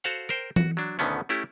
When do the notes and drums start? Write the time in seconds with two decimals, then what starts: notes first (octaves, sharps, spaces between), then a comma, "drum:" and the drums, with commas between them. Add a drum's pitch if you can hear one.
0.04 F#4 A4 C5 F5 F#5
0.29 A#4 C5 G5
0.56 F#4, drum: tom E3
0.77 F#3 D4
0.99 D2 B2 D3 D#3 B3 C#4
1.29 A3 C#4 E4 G4